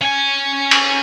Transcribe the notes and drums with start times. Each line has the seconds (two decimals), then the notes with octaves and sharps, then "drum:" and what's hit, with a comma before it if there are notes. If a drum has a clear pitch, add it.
0.01 C#4 G#5
0.71 drum: cymbal